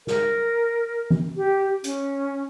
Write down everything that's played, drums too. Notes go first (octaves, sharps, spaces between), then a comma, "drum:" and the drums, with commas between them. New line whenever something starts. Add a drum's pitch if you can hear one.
A#4, drum: snare
drum: tom E3
G4
C#4, drum: hi-hat